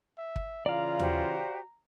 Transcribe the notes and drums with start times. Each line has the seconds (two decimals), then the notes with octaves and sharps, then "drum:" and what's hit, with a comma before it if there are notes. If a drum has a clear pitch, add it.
0.18 E5
0.36 drum: kick
0.66 C#3 E3 F4 D5 F5 A#5
0.99 F#4 G4 C5, drum: tom D#2